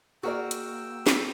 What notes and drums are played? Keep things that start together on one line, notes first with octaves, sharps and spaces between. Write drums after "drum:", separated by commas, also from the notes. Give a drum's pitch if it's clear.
A#3 F#4 G#4 A#4 D5 G5 E6
drum: hi-hat
drum: snare